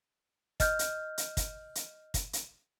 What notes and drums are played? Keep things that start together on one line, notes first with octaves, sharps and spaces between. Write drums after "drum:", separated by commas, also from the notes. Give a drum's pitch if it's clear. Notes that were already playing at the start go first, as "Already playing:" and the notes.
D#5 F6 G6, drum: kick, hi-hat
drum: hi-hat
drum: hi-hat
drum: kick, hi-hat
drum: hi-hat
drum: kick, hi-hat
drum: hi-hat